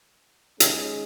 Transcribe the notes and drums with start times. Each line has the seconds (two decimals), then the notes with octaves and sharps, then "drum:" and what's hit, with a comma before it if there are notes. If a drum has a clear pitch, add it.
0.60 D#3 G#3 C#4 G#4, drum: hi-hat